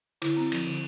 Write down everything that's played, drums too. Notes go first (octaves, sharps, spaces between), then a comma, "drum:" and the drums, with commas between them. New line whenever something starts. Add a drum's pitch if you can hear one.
D3 E4, drum: cymbal
C4
F3, drum: cymbal
D3